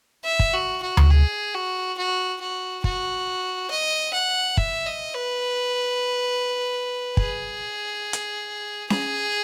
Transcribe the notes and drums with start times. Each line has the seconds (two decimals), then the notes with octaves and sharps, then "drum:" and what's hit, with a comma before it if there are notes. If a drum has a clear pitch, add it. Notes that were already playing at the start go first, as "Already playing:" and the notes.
0.25 E5
0.39 drum: kick
0.54 F#4
0.83 F#4
0.97 drum: tom D2
1.11 G#4
1.55 F#4
1.98 F#4
2.41 F#4
2.84 F#4, drum: kick
3.70 D#5
4.13 F#5
4.57 E5, drum: kick
4.86 D#5
5.15 B4
7.17 G#4, drum: kick
8.13 drum: hi-hat
8.90 G#4, drum: snare C#4